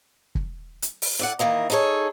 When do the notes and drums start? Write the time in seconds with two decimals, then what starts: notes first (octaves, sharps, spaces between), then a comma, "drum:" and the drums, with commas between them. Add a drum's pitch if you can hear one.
0.35 drum: kick
0.82 drum: hi-hat
1.02 drum: open hi-hat
1.19 A2 D5 F#5
1.39 D#3 E3 A#3 D#5
1.70 D#4 E4 G#4 A4 C#5